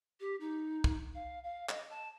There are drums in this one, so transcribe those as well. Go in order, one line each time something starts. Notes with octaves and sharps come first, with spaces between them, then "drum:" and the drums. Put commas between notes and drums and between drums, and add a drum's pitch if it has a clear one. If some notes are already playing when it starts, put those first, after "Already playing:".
G4
D#4
drum: kick
F5
F5
D#5, drum: clap
A5